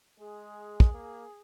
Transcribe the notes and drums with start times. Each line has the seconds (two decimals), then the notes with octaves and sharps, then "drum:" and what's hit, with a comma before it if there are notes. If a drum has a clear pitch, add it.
0.19 G#3 G#4
0.80 drum: kick
0.93 A#3